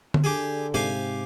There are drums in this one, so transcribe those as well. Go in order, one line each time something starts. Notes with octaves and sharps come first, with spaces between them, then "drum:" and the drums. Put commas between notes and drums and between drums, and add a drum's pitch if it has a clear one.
drum: tom D3
D3 G4 G#4
G#2 C3 G4 F5 G#5